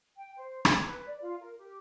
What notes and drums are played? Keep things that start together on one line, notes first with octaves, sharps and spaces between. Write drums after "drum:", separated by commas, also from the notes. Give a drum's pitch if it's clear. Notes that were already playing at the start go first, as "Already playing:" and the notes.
G5
C5
G#6, drum: rim click
B4
D5
F4
A#4
G4